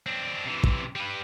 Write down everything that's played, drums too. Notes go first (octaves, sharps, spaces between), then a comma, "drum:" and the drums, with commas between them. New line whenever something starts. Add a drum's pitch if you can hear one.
C4 D4
C3 E3
drum: kick
G3 B4